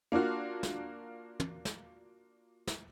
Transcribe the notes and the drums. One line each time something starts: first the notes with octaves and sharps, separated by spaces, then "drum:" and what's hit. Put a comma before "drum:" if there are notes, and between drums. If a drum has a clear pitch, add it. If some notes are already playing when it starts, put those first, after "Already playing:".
A#3 D4 F4 F#4
drum: snare
drum: tom
drum: snare
drum: snare